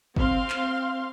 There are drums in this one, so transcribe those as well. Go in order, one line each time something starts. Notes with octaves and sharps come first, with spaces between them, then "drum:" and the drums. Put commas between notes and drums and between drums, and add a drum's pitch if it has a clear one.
C4 F5 C6, drum: kick G1
drum: clap